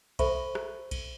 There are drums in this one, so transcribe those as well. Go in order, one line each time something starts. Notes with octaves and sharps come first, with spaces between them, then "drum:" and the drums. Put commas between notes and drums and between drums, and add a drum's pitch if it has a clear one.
A4 C5 E5 B5 C#6, drum: kick B1, cymbal
drum: rim click
drum: kick B1, cymbal